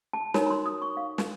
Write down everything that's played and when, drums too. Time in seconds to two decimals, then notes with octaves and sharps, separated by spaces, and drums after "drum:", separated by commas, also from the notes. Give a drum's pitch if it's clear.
0.13 A5
0.34 D#4 F#4 A#4 C#5 A#5, drum: snare
0.46 A#5
0.50 C6
0.66 D#6
0.82 C#6
0.97 F5
1.18 drum: snare